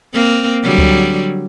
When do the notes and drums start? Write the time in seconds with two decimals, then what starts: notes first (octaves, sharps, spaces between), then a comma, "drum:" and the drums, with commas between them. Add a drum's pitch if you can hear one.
0.13 A#3 C4
0.63 D3 F#3 G3
0.78 drum: kick C#2